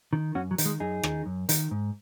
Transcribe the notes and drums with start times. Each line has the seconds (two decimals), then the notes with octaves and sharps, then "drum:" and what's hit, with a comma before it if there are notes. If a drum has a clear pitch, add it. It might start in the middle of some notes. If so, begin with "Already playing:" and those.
0.13 D#3
0.35 F#2 C#4 F#4
0.51 F#3
0.58 D#3, drum: hi-hat
0.65 G#3
0.80 F#2 D#4 G#4
1.03 D#3, drum: rim click
1.26 F#2
1.49 D#3, drum: hi-hat
1.71 G#2